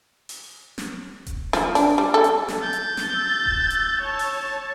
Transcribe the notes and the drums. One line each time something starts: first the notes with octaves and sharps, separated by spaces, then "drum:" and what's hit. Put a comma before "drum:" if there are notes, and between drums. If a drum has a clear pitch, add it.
drum: open hi-hat
drum: snare
drum: kick D#1, hi-hat
F3, drum: snare
D4, drum: open hi-hat
G3
A4
drum: hi-hat
drum: snare
G6 A6
drum: hi-hat
drum: snare
E6
drum: kick D#1
drum: hi-hat
C#5 A5
drum: open hi-hat